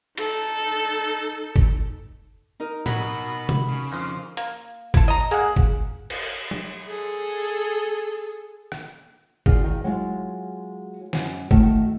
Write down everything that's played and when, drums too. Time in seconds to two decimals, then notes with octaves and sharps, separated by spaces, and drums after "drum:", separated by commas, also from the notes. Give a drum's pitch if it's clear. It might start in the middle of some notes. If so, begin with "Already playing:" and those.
0.17 D#4 A4, drum: cymbal
1.56 drum: kick
2.60 D#4 A#4
2.86 B2 F#3 F#4 B5, drum: tom A2
3.49 drum: tom C3
3.68 C#3
3.92 F2 F3
4.37 A#3, drum: hi-hat
4.94 E4 A4, drum: kick
5.08 D#5 A#5
5.31 A#3 G#4 F#5
5.56 drum: kick
6.10 drum: cymbal
6.51 drum: tom F#3
6.87 G#4 A4
8.72 drum: rim click
9.46 F4 F#4 G#4 D5 D#5, drum: kick
9.64 D#3
9.84 F#3 G#3 F4
11.13 F#2, drum: snare
11.51 D#3 A3 F#4 E5, drum: kick